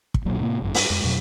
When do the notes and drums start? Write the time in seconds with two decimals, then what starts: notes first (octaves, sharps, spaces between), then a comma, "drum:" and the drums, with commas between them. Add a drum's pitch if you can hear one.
0.14 drum: kick
0.25 D#1 B1 A#2 F#3
0.39 A2 C3 A3 A#3
0.62 G#1 F#2 D#3
0.74 G2 A#3, drum: open hi-hat
0.90 F2 G#3
1.04 F2 B2 F#3